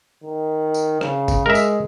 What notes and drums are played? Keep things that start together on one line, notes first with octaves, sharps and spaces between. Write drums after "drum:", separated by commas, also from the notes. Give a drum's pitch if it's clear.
D#3
drum: tambourine
C#3, drum: rim click
drum: kick, tambourine
G#3 A#4 E5
drum: tambourine